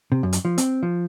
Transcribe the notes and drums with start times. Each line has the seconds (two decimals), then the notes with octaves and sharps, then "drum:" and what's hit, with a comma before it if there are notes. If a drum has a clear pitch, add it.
0.12 C3
0.23 F#2
0.33 drum: hi-hat
0.45 F3
0.58 C4, drum: hi-hat
0.83 F3